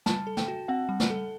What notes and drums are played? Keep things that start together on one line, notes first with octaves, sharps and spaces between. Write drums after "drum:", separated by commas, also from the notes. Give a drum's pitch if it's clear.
G3 A5, drum: snare
A4
G5, drum: snare
F#4
C4 F#5
G3
drum: snare
A4